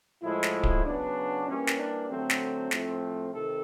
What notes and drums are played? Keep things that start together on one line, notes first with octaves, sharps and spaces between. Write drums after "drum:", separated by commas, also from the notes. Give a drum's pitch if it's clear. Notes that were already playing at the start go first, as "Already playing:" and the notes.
A2 F3 G#3 E4
drum: snare
drum: kick D1
C#3 F#3 B3 D4
E3 G3 A#3 C#4
drum: snare
D4
D3 F#3 A3 C4
drum: snare
A2 F3 A3 C4, drum: snare
C3 D#3 A4